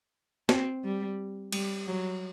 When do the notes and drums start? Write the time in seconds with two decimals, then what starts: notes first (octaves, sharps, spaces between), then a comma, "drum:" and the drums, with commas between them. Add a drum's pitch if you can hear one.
0.49 C4, drum: snare
0.84 G3
1.52 G3, drum: cymbal
1.87 F#3